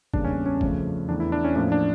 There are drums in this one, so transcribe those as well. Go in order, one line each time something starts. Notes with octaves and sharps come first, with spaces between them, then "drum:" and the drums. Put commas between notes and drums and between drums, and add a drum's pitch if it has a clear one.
E2 C#3 G3 A#3 D4, drum: kick
C#4
C#4
F2 C#3 F3 A3, drum: kick
E2 E3 A3 D4
E4
D4
C#4
A2 F3 A#3 D4
D4